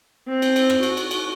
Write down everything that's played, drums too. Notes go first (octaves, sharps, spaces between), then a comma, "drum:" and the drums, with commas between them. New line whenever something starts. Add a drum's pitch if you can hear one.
C4
drum: cymbal
drum: cymbal
drum: rim click
F#4, drum: cymbal
drum: cymbal
drum: cymbal